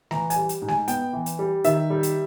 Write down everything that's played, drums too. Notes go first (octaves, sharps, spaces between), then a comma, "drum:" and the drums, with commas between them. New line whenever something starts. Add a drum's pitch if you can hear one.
E3 A#5, drum: snare A3
G#5, drum: hi-hat
G3
drum: hi-hat
G#2
G#5, drum: snare A3
B3 G5, drum: hi-hat
E3
drum: hi-hat
G3
D#3 E5, drum: hi-hat
G3
drum: hi-hat